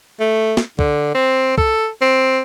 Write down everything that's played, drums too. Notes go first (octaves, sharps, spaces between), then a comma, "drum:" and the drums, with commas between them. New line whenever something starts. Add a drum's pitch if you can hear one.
A3
drum: snare
D3, drum: kick
C4
A4, drum: kick
C4